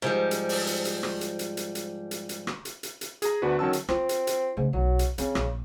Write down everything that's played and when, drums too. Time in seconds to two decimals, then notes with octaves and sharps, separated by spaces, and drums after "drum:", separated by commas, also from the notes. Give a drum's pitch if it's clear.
0.02 G#2 F3 G3
0.31 drum: hi-hat
0.49 drum: open hi-hat
0.67 drum: hi-hat
0.85 drum: hi-hat
1.03 drum: rim click
1.21 drum: hi-hat
1.39 drum: hi-hat
1.57 drum: hi-hat
1.75 drum: hi-hat
2.11 drum: hi-hat
2.29 drum: hi-hat
2.47 drum: rim click
2.65 drum: hi-hat
2.83 drum: hi-hat
3.01 drum: hi-hat
3.22 G#4 A#5, drum: hi-hat
3.42 D2 B3 D4 F#4 B4
3.59 D#3 F#3 C#4 A5 E6
3.73 drum: hi-hat
3.89 C4 F4, drum: rim click
4.09 drum: hi-hat
4.27 drum: hi-hat
4.57 G#2 C#3 A3
4.73 B1 F#3
4.99 drum: hi-hat
5.18 C#3 C4, drum: hi-hat
5.35 A#1, drum: rim click